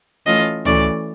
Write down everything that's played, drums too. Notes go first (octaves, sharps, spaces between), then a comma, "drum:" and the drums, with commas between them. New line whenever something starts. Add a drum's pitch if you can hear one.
E3 A3 C#4 F4 A4 D#5
E3 A3 C#4 F#4 D5, drum: tom C#2